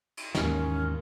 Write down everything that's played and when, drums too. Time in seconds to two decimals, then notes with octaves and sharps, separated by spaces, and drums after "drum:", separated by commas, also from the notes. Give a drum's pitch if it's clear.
0.17 drum: cymbal
0.35 D#2 G#2 E3 A#3 C#4, drum: snare